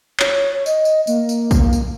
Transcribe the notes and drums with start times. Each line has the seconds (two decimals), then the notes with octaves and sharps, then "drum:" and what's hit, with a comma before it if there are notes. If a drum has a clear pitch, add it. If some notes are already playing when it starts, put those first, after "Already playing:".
0.20 C#5, drum: clap
0.66 D#5, drum: tambourine
0.85 drum: tambourine
1.07 A#3, drum: tambourine
1.29 drum: tambourine
1.51 drum: kick A#1, tambourine
1.73 drum: tambourine